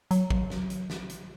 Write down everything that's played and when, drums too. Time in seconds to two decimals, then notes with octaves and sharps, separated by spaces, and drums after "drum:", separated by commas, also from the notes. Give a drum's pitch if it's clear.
0.11 F#3, drum: hi-hat
0.30 drum: kick
0.50 drum: snare
0.70 drum: hi-hat
0.90 drum: snare
1.09 drum: hi-hat